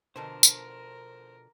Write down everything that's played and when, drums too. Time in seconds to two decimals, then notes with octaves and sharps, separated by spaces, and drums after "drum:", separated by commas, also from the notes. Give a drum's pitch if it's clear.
0.16 B2 D3 F3 D4 A#4 C5 A5
0.43 drum: tambourine